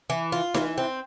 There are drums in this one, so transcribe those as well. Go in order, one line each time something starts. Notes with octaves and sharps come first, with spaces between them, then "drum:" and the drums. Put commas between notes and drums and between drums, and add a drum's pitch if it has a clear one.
E3
F4
E3, drum: snare D#4
C4